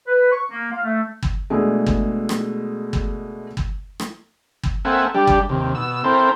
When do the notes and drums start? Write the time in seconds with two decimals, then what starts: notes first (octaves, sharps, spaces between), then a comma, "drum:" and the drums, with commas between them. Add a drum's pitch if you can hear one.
0.06 B4
0.32 C#6
0.50 A#3
0.71 F5
0.84 A3
1.23 drum: kick
1.50 B2 G#3 A3 D4 G#4
1.86 drum: kick
2.29 drum: rim click
2.93 drum: kick
3.57 drum: kick
4.00 drum: rim click
4.63 drum: kick
4.85 A#3 C4 A4 E5 F#5 G#5
5.15 G3 D4 G4
5.27 drum: kick
5.49 D#2 C3
5.75 B2 E6
6.04 C4 E4 A4 A#4 C5